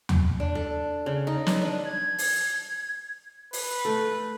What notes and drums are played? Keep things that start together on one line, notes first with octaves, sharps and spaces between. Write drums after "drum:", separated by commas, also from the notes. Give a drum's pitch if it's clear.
drum: tom
D4
A4
C#3
D#4
B4, drum: snare
D4
G#6
drum: open hi-hat
B4, drum: open hi-hat
A3